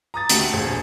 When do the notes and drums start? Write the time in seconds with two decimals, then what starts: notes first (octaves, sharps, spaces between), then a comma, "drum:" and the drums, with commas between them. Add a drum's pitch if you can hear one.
0.14 A#5 D#6 A6
0.29 D2 A3 F#4 G4 C#7 F#7, drum: hi-hat
0.52 E1 A#1 G#4